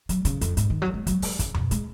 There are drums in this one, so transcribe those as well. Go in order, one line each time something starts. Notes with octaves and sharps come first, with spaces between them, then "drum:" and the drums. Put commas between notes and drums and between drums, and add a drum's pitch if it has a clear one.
F#3, drum: hi-hat
C#3, drum: hi-hat
F2, drum: hi-hat
G#2, drum: hi-hat
D#3
F#3
G#3
F#3, drum: kick, hi-hat
G#3, drum: open hi-hat
C#3, drum: kick, hi-hat
B2, drum: tom F2
G#3, drum: hi-hat